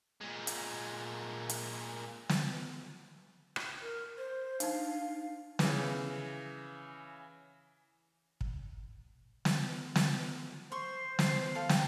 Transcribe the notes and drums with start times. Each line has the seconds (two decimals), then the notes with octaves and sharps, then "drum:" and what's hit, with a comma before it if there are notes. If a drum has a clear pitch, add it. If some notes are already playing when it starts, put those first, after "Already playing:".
0.21 A#2 G#3
0.47 drum: hi-hat
1.49 drum: hi-hat
2.29 drum: snare
3.56 drum: rim click
3.82 A#4
4.18 C5
4.60 D4 D#4 F5, drum: hi-hat
5.59 C#3 E3, drum: snare
8.41 drum: kick
9.45 drum: snare
9.96 drum: snare
10.72 C5 C6 C#6
11.19 drum: snare
11.55 A4 F5
11.69 G5 A#5, drum: snare